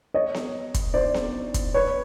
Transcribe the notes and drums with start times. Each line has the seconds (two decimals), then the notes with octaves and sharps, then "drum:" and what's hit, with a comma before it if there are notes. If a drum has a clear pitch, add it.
0.14 C#5 D#5
0.34 drum: snare B3
0.74 drum: kick, hi-hat
0.94 C5 D5
1.14 drum: snare B3
1.54 drum: kick, hi-hat
1.74 B4 C#5